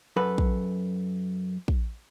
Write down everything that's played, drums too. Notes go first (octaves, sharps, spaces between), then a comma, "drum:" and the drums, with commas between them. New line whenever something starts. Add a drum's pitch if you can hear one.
F#2 A4 B4
drum: kick
drum: kick